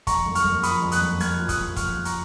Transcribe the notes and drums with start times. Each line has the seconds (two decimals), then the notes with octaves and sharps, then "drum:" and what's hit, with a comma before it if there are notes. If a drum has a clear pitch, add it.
0.07 F2 A#5 C#6, drum: kick, hi-hat
0.26 F#1
0.35 C#6 F6, drum: hi-hat
0.44 F#1
0.63 F3 B5 D#6, drum: hi-hat
0.82 F2
0.92 D#6 F#6, drum: hi-hat
1.01 F#1
1.20 F#1 F6 G#6, drum: hi-hat
1.39 F3
1.49 D#6 F#6, drum: kick, hi-hat
1.58 F2
1.76 F#1 C#6 F6, drum: kick, hi-hat
1.96 F#1
2.05 A#5 C#6, drum: hi-hat